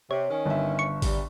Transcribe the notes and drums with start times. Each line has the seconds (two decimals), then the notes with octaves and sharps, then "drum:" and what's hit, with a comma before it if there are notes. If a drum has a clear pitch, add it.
0.11 C3 C#5
0.30 D#3 C#4
0.46 G1 E5
0.79 C#6
1.02 G3, drum: kick G#1, open hi-hat